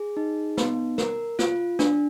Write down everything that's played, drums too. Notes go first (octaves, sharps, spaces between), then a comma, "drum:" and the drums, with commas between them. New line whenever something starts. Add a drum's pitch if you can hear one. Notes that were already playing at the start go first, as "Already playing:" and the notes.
Already playing: G#4
D#4
B3, drum: snare
A#4, drum: snare
F4, drum: snare
D4, drum: snare